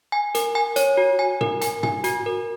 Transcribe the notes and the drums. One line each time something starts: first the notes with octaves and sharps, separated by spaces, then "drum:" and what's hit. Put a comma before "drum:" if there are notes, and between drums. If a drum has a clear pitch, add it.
G#5
A#4, drum: hi-hat
G#5
C#5, drum: hi-hat
F#4
G#5
A#4, drum: tom
G#5, drum: hi-hat
G#5, drum: tom
F#4, drum: hi-hat
A#4